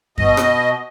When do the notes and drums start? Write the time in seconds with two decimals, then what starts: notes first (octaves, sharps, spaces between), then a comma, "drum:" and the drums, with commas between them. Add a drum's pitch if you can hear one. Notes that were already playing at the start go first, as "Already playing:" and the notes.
0.18 B2 D#5, drum: kick F#2
0.37 drum: rim click